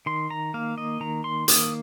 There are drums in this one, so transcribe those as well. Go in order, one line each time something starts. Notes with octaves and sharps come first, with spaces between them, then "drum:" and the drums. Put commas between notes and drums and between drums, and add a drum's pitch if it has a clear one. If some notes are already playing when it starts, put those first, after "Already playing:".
D#3 C6
A#5
A#3 F5
D#5
D#3 A#5
C6
A#3 D#6, drum: hi-hat